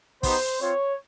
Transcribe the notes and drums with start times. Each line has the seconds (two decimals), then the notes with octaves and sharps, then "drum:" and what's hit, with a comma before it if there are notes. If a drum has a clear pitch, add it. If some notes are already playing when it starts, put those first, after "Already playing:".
0.23 B3 D#4 G4 C5, drum: kick, open hi-hat
0.60 C4 F4 C#5